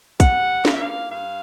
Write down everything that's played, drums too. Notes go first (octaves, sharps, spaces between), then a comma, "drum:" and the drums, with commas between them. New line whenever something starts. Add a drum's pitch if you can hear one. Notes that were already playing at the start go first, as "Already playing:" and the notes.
G3 F#5, drum: kick, hi-hat
A#3 F5, drum: snare
E5
F5
G2 F5